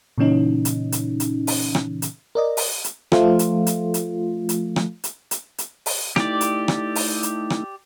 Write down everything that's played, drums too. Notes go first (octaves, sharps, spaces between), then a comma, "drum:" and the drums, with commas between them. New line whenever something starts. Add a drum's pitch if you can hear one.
A#2 C#3 E3 C#4 D#4
drum: hi-hat
drum: hi-hat
drum: hi-hat
drum: open hi-hat
drum: rim click
drum: hi-hat
A#4 D5 D#5
drum: open hi-hat
drum: hi-hat
F3 A3 F4, drum: rim click
drum: hi-hat
drum: hi-hat
drum: hi-hat
drum: hi-hat
drum: rim click
drum: hi-hat
drum: hi-hat
drum: hi-hat
drum: open hi-hat
A3 D#4 E4 G4 D5, drum: rim click
drum: hi-hat
drum: rim click
drum: open hi-hat
drum: hi-hat
drum: rim click